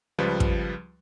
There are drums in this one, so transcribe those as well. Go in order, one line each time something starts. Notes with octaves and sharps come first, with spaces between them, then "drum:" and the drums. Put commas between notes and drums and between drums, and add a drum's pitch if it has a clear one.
C#2 F3 G3 B4
drum: kick